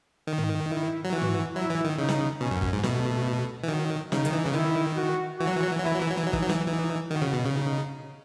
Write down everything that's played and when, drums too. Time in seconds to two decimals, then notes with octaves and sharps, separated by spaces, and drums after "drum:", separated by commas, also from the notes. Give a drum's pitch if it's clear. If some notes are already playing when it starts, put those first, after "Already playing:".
0.27 D#3
0.38 drum: tom
0.70 E4
1.04 F#3
1.12 E3 F#4
1.21 drum: tom
1.55 F#3 E4
1.70 E3
1.84 D#3
1.98 C#3 D#4
2.09 drum: snare
2.40 B2 C#4
2.51 F#2
2.62 F#2, drum: kick
2.73 G#2
2.83 B2 A3, drum: snare
3.63 E3
3.68 D#3 F#3
4.12 C#3 D#4, drum: snare
4.25 D#3, drum: hi-hat
4.33 E3
4.46 C#3
4.54 D#3 E4
4.97 F#4
5.39 E3 F#4
5.47 F#3
5.55 E3
5.63 F#3
5.71 E3
5.78 F#3
5.82 E3 E4
5.94 F#3
6.02 E3
6.10 F#3
6.18 E3
6.25 F#3 D#4
6.33 E3, drum: kick
6.42 F#3
6.49 E3, drum: snare
6.68 E3 D#4
7.11 D#3 F#4
7.22 C#3
7.34 B2
7.45 C#3
7.54 D#4